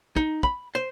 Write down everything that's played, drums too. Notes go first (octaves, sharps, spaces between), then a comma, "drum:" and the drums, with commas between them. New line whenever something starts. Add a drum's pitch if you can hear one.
D#4, drum: kick
B5, drum: kick
C5